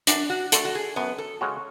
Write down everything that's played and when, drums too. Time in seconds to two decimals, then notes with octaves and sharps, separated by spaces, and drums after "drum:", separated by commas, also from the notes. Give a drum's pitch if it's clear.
0.07 F#2 D4, drum: hi-hat
0.30 F#4
0.52 D3 A3 A4, drum: hi-hat
0.65 F#4
0.75 G#4
0.96 F#2 B3
1.18 A4
1.41 C#3 G#3 C#4 F#4